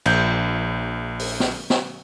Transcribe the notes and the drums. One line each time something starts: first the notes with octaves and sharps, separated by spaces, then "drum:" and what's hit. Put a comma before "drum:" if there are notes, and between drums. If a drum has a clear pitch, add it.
A#1 G6, drum: cymbal
drum: open hi-hat
drum: snare
drum: snare